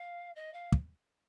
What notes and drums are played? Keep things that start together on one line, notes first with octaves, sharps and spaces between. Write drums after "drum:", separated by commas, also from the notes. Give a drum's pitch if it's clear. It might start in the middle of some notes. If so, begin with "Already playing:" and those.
Already playing: F5
D#5
F5
drum: kick